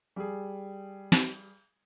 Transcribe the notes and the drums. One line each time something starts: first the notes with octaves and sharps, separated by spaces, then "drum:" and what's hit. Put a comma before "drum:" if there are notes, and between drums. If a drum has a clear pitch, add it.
G3 G#4
drum: snare